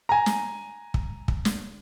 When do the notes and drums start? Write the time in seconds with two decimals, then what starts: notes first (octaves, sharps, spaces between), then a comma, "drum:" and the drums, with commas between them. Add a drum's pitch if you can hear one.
0.09 G#5 A#5
0.26 drum: snare
0.94 drum: kick
1.28 drum: kick
1.45 drum: snare